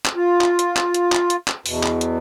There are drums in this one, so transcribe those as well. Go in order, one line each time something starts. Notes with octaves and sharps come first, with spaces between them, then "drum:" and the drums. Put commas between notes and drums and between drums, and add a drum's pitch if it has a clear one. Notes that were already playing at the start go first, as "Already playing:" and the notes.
drum: clap
F4
drum: clap
drum: hi-hat
drum: clap
drum: hi-hat
drum: clap
drum: hi-hat
drum: clap
E2 B2, drum: open hi-hat
drum: clap
drum: hi-hat